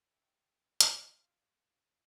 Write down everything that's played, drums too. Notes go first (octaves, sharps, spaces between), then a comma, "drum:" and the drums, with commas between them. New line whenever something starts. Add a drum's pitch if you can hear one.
E5 G5
G#3, drum: hi-hat
F4